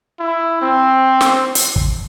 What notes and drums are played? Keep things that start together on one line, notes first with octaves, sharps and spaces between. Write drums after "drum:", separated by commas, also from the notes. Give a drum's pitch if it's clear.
E4
C4
drum: snare
drum: hi-hat
drum: kick